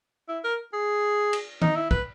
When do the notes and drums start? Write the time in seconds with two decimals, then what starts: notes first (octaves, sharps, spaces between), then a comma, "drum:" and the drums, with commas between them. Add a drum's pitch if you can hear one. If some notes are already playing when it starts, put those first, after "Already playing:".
0.28 E4
0.44 A#4
0.73 G#4
1.33 drum: cymbal
1.62 D#4, drum: tom D#3
1.75 E4
1.91 B4, drum: kick